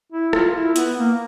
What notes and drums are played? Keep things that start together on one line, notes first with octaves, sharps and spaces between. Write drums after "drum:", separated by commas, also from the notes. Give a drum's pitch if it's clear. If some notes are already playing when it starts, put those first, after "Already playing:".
E4
F4, drum: rim click
E4
B3, drum: hi-hat
A#3